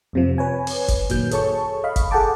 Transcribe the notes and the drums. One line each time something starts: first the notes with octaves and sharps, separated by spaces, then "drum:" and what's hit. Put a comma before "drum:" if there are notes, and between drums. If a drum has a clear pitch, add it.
F2 C3 F3
B4 C#5 G#5
drum: open hi-hat
drum: kick, hi-hat
F#2 A#2 D#3 F#3 G6, drum: hi-hat
G#4 A4 C#5 A5 C#6, drum: hi-hat
D#5 F5 B5
drum: kick, hi-hat
G#4 A4 F#5 G5 A5 D6